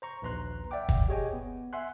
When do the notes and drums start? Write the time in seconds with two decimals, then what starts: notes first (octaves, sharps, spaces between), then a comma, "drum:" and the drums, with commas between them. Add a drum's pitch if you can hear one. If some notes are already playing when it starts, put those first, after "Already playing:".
0.02 C5 A#5 C#6
0.22 A#1 D#2 B4 A#5 C6 F#6
0.71 D5 E5 F#5 G5 D6
0.89 drum: kick
1.09 G4 G#4 C#5 D#5 G5 G#5
1.33 B3
1.73 E5 F#5 G#5 C6 F#6